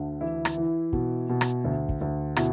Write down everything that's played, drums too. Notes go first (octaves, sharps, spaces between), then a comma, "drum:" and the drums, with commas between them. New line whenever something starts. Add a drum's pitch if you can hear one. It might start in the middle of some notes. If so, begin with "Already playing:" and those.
Already playing: D2 D3
E3 E4
drum: rim click
E3
B2, drum: kick
B2
drum: rim click
D2
drum: kick
D2
B2 E4, drum: rim click